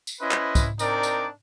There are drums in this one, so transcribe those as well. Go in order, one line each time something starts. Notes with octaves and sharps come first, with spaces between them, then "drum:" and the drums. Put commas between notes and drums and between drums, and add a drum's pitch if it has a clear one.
drum: tambourine
C#4 E4 B4 C5 D#5
drum: clap
drum: kick, tambourine
C4 D4 D#4 A#4 D5, drum: tambourine
drum: tambourine